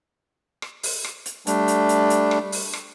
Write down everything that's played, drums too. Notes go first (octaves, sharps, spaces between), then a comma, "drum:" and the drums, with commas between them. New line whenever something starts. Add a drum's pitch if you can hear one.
drum: rim click
drum: open hi-hat
drum: rim click
drum: hi-hat
G3 A3 D4, drum: hi-hat
drum: hi-hat
drum: hi-hat
drum: hi-hat
drum: rim click
drum: open hi-hat
drum: rim click